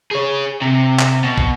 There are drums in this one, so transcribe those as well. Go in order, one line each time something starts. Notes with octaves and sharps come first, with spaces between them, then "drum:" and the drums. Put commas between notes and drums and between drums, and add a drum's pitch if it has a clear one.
G#4 C#5
C3
drum: clap
B2
drum: kick